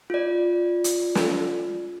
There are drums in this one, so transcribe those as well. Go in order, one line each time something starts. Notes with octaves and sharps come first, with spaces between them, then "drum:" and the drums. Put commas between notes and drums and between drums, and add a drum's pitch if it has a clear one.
F4 D5
drum: hi-hat
drum: snare